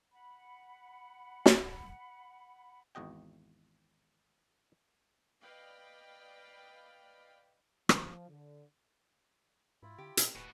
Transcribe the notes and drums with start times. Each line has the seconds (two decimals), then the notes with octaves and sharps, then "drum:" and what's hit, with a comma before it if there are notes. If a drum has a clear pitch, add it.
0.12 F#5 B5
1.46 drum: snare
2.95 G#1 E2 F#4 D#5 G5
5.42 B4 D5 D#5 F5 G5 B5
7.89 F3, drum: rim click
8.28 D3
9.83 G#2 E4 F4 B5
9.98 D3 G4
10.17 A#2, drum: hi-hat
10.35 D#1 A2 F#4 B4 G5 G#5